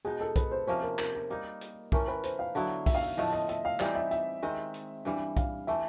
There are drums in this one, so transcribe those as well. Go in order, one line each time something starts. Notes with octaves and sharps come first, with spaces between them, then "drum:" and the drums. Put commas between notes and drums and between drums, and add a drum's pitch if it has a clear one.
B2 G#3 B3 D#4 G#4
A4
B4, drum: kick B1, hi-hat
C5
C3 F3 A#3 C#4 C5
A#4
A#4, drum: clap
A#4
G3 A#3 D#4
drum: hi-hat
E3 A3 C#4 A#4, drum: kick B1
B4
C5, drum: hi-hat
F5
D3 F#3 B3 E4
E5, drum: kick B1, open hi-hat
F5
E5
A2 F3 A3 D#5
D#5
E5, drum: hi-hat
F5
E3 G3 C4 D#4 D5, drum: clap
E5
E5, drum: hi-hat
D#3 G#3 C4
drum: hi-hat
G2 E3 G3
F5, drum: kick B1, hi-hat
E3 A3 C4 E5